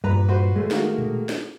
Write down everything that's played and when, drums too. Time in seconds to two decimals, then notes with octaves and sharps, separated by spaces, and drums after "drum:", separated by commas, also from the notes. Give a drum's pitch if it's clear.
0.04 G2 A#2 B4 A#5 B5
0.29 F#4 B4 C5
0.56 G#3 A3
0.71 D#3 A#3 F#4, drum: snare
0.98 drum: tom A#2
1.29 drum: snare